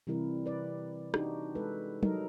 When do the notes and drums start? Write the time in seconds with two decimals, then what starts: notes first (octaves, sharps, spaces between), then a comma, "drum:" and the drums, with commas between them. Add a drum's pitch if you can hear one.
0.07 C3 E3 G3 E4 A#4
0.46 B4 D5
1.14 D4 D#4 F#4 G4, drum: rim click
1.55 G#3 A4 B4
2.03 F#3 G3 D#4 A4 A#4, drum: tom